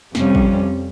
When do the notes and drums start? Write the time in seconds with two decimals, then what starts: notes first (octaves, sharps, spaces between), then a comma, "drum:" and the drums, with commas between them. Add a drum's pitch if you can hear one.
0.15 F2 C3 G3 C#4, drum: snare
0.35 drum: kick A1